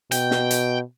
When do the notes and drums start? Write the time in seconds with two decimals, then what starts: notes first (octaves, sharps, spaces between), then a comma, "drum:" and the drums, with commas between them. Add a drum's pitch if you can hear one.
0.12 B2 G5, drum: hi-hat
0.31 drum: snare
0.51 drum: hi-hat